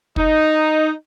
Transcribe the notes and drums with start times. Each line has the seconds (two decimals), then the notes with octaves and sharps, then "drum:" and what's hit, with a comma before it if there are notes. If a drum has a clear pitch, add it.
0.16 D#4, drum: kick